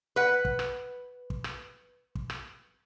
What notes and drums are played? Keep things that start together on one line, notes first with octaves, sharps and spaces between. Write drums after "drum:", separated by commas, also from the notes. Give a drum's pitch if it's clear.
B4 F#5
drum: kick
drum: rim click
drum: kick
drum: rim click
drum: kick
drum: rim click